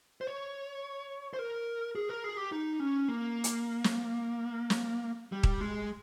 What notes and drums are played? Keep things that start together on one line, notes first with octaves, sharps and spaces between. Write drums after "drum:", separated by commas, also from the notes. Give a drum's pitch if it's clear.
C5
C#5
C5
A#4
G#4
A#4
G#4
G4
D#4
C#4
A#3
drum: hi-hat
drum: snare
drum: snare
G3
drum: kick D#1
G#3